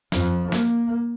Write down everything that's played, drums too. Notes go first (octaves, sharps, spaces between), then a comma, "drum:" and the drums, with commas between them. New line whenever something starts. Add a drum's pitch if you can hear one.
F2, drum: snare
A#3, drum: snare